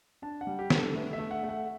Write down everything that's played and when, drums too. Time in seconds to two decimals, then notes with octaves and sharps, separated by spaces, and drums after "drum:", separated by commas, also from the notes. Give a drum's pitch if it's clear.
0.22 D4 A5
0.41 F#5
0.47 G3
0.59 G4
0.70 D4, drum: snare
0.77 A4
0.94 A3 B4
1.13 E5
1.19 A3
1.31 F#5
1.43 A3
1.49 F#5